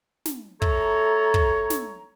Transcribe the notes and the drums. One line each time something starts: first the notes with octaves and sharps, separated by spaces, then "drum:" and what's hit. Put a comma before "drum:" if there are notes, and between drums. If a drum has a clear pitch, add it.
drum: snare
A3 A4 C#5 A#5, drum: kick
drum: kick
drum: snare